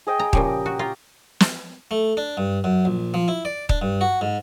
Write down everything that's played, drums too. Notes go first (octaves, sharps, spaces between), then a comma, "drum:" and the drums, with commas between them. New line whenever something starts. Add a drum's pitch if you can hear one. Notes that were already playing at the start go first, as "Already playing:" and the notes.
G#4 D#5 G5
A#5
A#2 C#3 F3 G4 A#4, drum: kick D#1
F#4
F4 A#5 C#6
drum: snare
A3
D4
G2
F#2
A#1
F3
E4
D5
D4, drum: kick D#1
G2
F#4
G#2